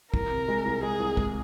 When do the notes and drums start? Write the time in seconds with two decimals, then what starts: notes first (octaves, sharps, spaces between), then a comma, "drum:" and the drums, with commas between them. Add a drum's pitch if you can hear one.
0.14 C2 A#4, drum: kick
0.31 C3
0.48 G#3
0.65 C2
0.83 G#3 G#4
1.00 C2
1.17 G#3, drum: kick